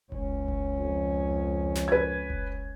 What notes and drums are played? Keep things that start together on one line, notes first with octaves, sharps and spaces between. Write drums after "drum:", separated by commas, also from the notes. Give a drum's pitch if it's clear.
C#2 C#4, drum: kick F1
drum: kick F1
F2
drum: snare
B4 G#6
drum: kick F1